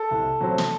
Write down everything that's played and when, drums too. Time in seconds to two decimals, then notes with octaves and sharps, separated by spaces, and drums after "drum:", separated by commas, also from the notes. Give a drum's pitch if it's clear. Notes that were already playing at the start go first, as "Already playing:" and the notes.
Already playing: A4
0.11 C2
0.40 C3 F#3 C4
0.58 drum: snare